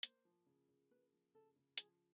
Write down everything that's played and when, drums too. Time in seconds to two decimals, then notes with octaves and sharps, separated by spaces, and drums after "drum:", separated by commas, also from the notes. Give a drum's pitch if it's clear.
0.03 A#3 C5, drum: hi-hat
0.25 F3
0.46 C#3
0.68 C#3
0.91 A#3 B4
1.12 F3
1.34 C#3 A4
1.56 C#3
1.78 F3 G#4, drum: hi-hat